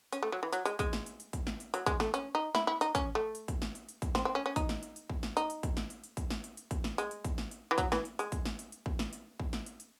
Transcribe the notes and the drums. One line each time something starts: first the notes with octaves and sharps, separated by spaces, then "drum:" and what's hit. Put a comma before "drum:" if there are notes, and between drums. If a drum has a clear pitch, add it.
C#4, drum: hi-hat
A3
F#3
E3
F#3, drum: hi-hat
G#3, drum: hi-hat
G#3, drum: kick, hi-hat
drum: snare
drum: hi-hat
drum: hi-hat
drum: kick, hi-hat
drum: snare
drum: hi-hat
F#3, drum: hi-hat
G#3, drum: kick, hi-hat
A3, drum: snare
C#4, drum: hi-hat
D#4
E4, drum: snare
E4
D#4, drum: hi-hat
C#4, drum: kick, hi-hat
A3
drum: hi-hat
drum: kick, hi-hat
drum: snare
drum: hi-hat
drum: hi-hat
drum: kick, hi-hat
C4, drum: snare
C4
C#4
C#4
D#4, drum: kick, hi-hat
drum: snare
drum: hi-hat
drum: hi-hat
drum: kick
drum: snare
D#4, drum: hi-hat
drum: hi-hat
drum: kick, hi-hat
drum: snare
drum: hi-hat
drum: hi-hat
drum: kick, hi-hat
drum: snare
drum: hi-hat
drum: hi-hat
drum: kick, hi-hat
drum: snare
G#3, drum: hi-hat
drum: hi-hat
drum: kick, hi-hat
drum: snare
drum: hi-hat
E3
F#3, drum: kick, hi-hat
E3, drum: snare
drum: hi-hat
G#3, drum: hi-hat
drum: kick, hi-hat
drum: snare
drum: hi-hat
drum: hi-hat
drum: kick
drum: snare
drum: hi-hat
drum: kick
drum: snare
drum: hi-hat
drum: hi-hat